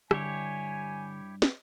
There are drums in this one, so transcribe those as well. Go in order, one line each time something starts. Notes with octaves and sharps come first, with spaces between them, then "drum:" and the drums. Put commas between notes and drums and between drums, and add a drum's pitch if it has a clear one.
G2 D3 E4 G4 C#5 G#5, drum: rim click
drum: snare